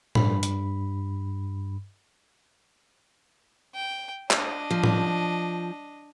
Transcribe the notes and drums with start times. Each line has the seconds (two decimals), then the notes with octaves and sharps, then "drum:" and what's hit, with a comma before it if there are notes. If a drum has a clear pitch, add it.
0.15 G2 B5, drum: tom A2
0.43 drum: hi-hat
3.74 G5
4.31 D4 D#5, drum: clap
4.71 F3
4.84 drum: tom A2